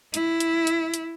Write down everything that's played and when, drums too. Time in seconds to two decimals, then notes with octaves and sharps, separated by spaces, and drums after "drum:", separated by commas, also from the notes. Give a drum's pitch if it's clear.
0.14 E4, drum: hi-hat
0.40 drum: hi-hat
0.67 drum: hi-hat
0.94 drum: hi-hat